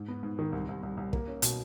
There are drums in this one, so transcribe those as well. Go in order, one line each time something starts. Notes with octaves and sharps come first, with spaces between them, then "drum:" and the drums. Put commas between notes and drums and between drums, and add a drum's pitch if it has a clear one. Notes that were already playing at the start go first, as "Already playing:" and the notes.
Already playing: G#2
B3
G#2
D#3
C2
C2
C2
C2
A#3, drum: kick
C#4
B2, drum: hi-hat